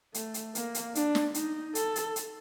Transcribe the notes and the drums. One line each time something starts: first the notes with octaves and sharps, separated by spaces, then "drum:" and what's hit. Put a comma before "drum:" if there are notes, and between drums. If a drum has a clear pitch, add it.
A3, drum: hi-hat
drum: hi-hat
A#3, drum: hi-hat
drum: hi-hat
D4, drum: hi-hat
drum: snare
D#4, drum: hi-hat
A4, drum: hi-hat
drum: hi-hat
drum: hi-hat